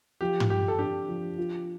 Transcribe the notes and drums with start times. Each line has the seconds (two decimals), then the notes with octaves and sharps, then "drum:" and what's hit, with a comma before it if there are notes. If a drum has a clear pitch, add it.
0.21 F3 G4
0.40 drum: tom
0.50 F3 G4
0.68 A4
0.79 D4 G4
1.08 F3
1.38 F4